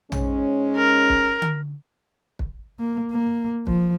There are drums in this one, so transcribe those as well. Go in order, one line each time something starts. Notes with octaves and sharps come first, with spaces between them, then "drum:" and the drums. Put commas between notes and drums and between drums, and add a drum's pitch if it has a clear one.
G#2 G#3 C#4, drum: tom A#1
A#4
drum: kick
drum: tom D3
drum: kick
A#3
A#3
F3, drum: kick